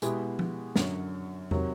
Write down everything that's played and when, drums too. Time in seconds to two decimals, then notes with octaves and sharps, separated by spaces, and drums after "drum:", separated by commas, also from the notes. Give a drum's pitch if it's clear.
0.02 B2 G#3 B3 E4 G4, drum: hi-hat
0.39 drum: tom F3
0.76 F#2 D3 F#3, drum: snare
1.51 C3 D#3 F#3, drum: tom E2